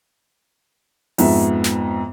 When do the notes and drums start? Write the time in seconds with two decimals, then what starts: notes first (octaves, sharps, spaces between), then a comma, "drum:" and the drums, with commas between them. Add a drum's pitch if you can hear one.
1.18 F2 G#2 B3 E5, drum: open hi-hat
1.64 drum: snare